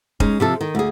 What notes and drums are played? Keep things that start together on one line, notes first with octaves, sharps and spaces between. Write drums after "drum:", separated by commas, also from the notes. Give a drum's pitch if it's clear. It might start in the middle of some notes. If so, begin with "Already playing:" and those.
G#3 C#4 D#4, drum: kick F1
C3 F3 A4
D#3
D2 G#4